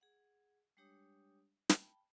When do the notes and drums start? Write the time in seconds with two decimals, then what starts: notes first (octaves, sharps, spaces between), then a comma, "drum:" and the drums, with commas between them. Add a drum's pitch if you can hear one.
0.01 G#4 F#5
0.77 G3 G#3 D4 G4 C#5 D#6
1.69 G5 A5 B5, drum: snare